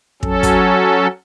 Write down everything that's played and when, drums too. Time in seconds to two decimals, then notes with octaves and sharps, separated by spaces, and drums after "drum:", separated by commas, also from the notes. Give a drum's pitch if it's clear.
0.23 F#3 C#4 A4, drum: kick
0.43 drum: kick, hi-hat